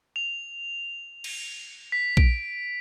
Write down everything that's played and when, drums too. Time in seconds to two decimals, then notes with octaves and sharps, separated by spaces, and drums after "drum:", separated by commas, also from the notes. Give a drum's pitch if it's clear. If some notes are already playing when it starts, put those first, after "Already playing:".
0.16 F7
1.24 drum: cymbal
1.92 B6
2.17 D7, drum: kick A#1